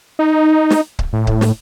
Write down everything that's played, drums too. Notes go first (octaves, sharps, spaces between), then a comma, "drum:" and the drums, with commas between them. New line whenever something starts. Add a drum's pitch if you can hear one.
D#4
drum: snare
drum: kick C#1
A2
drum: kick C#1
drum: snare